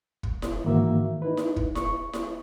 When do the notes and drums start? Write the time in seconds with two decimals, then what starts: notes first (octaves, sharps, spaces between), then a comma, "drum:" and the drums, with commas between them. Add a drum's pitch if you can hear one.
0.23 drum: kick
0.42 drum: snare E4
0.64 G#2 D#3 E3 A#3 F#4 E5
1.22 D#4 E4 B4
1.37 drum: snare E4
1.56 drum: kick
1.75 C#6, drum: snare E4
2.13 drum: snare E4